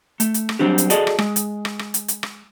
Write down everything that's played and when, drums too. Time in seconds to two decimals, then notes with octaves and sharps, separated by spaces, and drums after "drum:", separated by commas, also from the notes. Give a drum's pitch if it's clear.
0.20 A3, drum: hi-hat
0.34 drum: hi-hat
0.49 drum: rim click
0.59 F#3 G3 C4 D4 G4
0.78 drum: hi-hat
0.90 F#4 G#4 A4 D5 D#5, drum: hi-hat
1.07 drum: rim click
1.19 G#3, drum: rim click
1.36 drum: hi-hat
1.65 drum: rim click
1.79 drum: rim click
1.94 drum: hi-hat
2.08 drum: hi-hat
2.23 drum: rim click